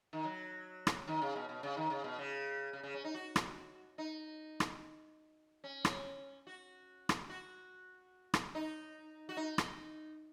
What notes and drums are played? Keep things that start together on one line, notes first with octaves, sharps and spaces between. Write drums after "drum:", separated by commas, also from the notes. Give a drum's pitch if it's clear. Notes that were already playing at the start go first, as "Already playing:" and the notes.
D#3
F#3
drum: rim click
D#3
C#3
B2
B2
C#3
D#3
C#3
B2
C#3
C#3
C#3
C#4
D#4
F#4
drum: rim click
D#4
drum: rim click
C#4
drum: rim click
F#4
drum: rim click
F#4
drum: rim click
D#4
F#4
D#4
drum: rim click